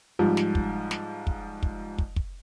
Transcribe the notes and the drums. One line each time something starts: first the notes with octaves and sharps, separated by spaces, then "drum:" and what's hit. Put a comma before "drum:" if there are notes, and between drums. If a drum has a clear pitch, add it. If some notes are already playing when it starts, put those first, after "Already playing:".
G#2 F3 G3
drum: snare
drum: kick
drum: snare
drum: kick
drum: kick
drum: kick
drum: kick